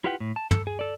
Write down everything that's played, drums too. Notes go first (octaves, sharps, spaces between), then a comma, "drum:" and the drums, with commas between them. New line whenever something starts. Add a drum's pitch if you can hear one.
E4 F4 G4 B4 F#5 G5
A2
A5
A4, drum: tom
G#4
A4 D5